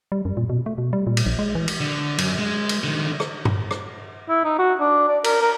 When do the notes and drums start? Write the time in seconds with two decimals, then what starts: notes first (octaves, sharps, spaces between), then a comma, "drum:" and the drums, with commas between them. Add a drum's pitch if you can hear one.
0.12 G3
0.25 F#2
0.37 A#2
0.49 B2
0.66 A3
0.78 B2
0.93 G3
1.07 A#2
1.17 drum: cymbal
1.26 A#1
1.39 G#3
1.55 E3
1.68 drum: cymbal
1.80 D3
2.18 F#2, drum: cymbal
2.38 G#3
2.69 drum: cymbal
2.84 D3 D#3
3.20 drum: rim click
3.45 drum: tom
3.71 drum: rim click
4.29 E4
4.44 D#4
4.59 F#4
4.80 D4
5.08 D5
5.24 A#4, drum: cymbal
5.42 A#4